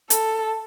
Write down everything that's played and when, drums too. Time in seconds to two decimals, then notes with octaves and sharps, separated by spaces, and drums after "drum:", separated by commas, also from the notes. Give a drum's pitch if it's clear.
0.10 A4, drum: hi-hat